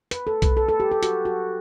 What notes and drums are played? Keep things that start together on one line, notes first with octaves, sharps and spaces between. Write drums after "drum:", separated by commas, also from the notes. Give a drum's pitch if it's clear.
B4, drum: hi-hat
A4
B4, drum: kick B1, hi-hat
A4
A4
G4
A4
F#4, drum: hi-hat
F#4